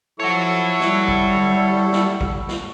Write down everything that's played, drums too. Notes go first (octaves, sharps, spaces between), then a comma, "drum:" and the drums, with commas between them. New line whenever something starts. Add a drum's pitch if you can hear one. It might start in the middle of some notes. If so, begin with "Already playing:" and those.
F3 E4 A4 C#5 F#5 C#6
G3, drum: snare
drum: kick
drum: tom D3
drum: snare
drum: kick
drum: snare